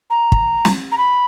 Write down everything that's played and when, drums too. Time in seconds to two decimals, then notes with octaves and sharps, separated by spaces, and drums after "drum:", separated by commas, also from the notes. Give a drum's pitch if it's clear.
0.10 A#5
0.32 drum: kick
0.65 drum: snare
0.92 A#5
0.98 B5